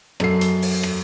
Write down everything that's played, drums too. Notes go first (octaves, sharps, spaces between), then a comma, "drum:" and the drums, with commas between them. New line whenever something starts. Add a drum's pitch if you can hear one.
F#2 A4 C7, drum: rim click
drum: hi-hat
drum: open hi-hat
drum: rim click